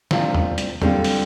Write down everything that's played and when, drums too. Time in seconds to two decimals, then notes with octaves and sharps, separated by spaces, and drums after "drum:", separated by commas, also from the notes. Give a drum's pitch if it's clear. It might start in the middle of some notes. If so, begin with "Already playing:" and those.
0.11 D2 C3 G3 D4 F4, drum: snare
0.35 drum: tom
0.58 drum: hi-hat
0.82 D3 G3 C4 F4, drum: tom
1.04 drum: open hi-hat